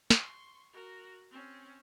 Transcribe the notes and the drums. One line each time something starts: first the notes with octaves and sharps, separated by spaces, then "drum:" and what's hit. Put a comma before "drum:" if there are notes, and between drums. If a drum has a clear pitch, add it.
C6 C#6, drum: snare
F#4 A#4
C4 C#4